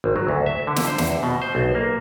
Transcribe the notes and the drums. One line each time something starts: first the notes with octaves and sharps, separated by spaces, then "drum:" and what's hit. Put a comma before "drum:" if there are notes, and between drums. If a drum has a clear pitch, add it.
G#1
F#3
D2
E5
D3
drum: snare
C5
E2, drum: snare
B2
C5
B1
A#3